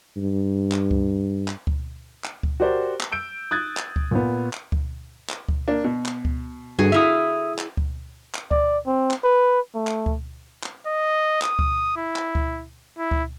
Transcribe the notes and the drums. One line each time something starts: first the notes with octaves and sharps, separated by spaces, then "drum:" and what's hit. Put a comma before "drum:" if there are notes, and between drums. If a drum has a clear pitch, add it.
G2
drum: clap
drum: kick C#2
drum: clap
drum: kick C#2
drum: clap
drum: kick C#2
F#4 G4 A#4 C5 D5
drum: clap
E6 G6 D7
D#6 F#6 G#6 A6
drum: clap
drum: kick C#2
A#2 B3
drum: clap
drum: kick C#2
drum: clap
drum: kick C#2
A#3 D4
B2
drum: clap
drum: kick C#2
G2 D3 F#4 G#4
E4 E5 F5 D#6
drum: clap
drum: kick C#2
drum: clap
D5, drum: kick C#2
C4
drum: clap
B4
A3
drum: clap
drum: kick C#2
drum: clap
D#5
D#6, drum: clap
drum: kick C#2
E4
drum: clap
drum: kick C#2
E4
drum: kick C#2